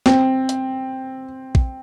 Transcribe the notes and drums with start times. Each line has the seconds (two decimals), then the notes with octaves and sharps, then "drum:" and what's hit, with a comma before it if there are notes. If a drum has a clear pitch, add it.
0.06 C4, drum: snare
0.49 drum: hi-hat
1.55 drum: kick